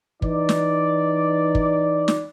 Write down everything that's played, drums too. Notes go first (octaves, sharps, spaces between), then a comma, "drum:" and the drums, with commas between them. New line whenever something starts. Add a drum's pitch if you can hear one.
E3 D#4 D5, drum: kick
drum: snare
drum: kick
drum: snare